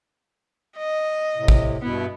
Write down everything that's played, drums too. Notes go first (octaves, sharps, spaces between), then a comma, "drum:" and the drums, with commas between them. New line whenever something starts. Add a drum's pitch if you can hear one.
D#5
A2 C3
drum: kick
G2 B2 B3 E4